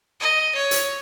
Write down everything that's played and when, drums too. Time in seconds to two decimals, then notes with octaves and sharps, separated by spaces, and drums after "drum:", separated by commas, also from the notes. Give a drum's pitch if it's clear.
0.20 D#5
0.56 C#5
0.71 drum: hi-hat